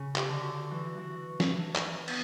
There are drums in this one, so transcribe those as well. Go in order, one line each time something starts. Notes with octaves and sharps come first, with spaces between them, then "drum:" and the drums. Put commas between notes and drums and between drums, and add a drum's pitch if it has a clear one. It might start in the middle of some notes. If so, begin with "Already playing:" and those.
Already playing: C#3
G4, drum: clap
D3
F#4
E3
E3
drum: snare
E3 D4
drum: clap
B3, drum: cymbal